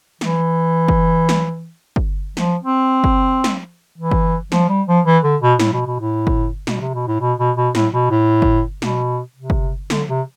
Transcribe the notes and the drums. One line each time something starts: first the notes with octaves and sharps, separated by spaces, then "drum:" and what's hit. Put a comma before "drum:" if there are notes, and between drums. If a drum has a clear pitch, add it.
E3, drum: snare
drum: kick G1
drum: snare
drum: kick G1
F3, drum: snare
C4
drum: kick G1
drum: snare
E3
drum: kick G1
F3, drum: snare
G3
F3
E3
D3
B2
A2, drum: snare
B2
B2
A2
drum: kick G1
B2, drum: snare
C3
B2
A2
B2
B2
B2
A2, drum: snare
B2
A2
drum: kick G1
B2, drum: snare
C3
drum: kick G1
D3, drum: snare
C3